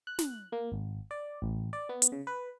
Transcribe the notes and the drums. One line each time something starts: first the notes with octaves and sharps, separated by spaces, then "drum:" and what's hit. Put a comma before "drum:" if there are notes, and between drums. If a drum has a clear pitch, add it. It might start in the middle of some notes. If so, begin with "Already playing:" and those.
F#6
drum: snare
A#3
G#1
D5
A1
D5
B3
drum: hi-hat
C#3
B4